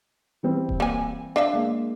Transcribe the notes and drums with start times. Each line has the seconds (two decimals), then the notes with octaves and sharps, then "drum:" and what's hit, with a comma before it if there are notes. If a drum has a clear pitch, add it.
0.43 E3 G3 C4
0.69 drum: kick D#1
0.80 A#3 G#5
1.36 D4 E5 F5
1.53 G#3 A#3